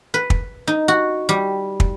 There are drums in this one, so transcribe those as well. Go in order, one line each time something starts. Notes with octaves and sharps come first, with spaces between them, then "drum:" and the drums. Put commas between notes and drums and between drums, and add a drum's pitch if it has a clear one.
B4
drum: kick
D#4
F#4
G3
drum: kick